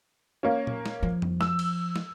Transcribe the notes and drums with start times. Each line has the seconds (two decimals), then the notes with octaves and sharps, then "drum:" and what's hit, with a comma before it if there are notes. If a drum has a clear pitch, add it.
0.43 A#3 C#4
0.67 drum: tom A#2
0.86 drum: snare
1.03 F3
1.22 drum: tom F2
1.41 E6, drum: snare
1.59 drum: cymbal
1.96 drum: snare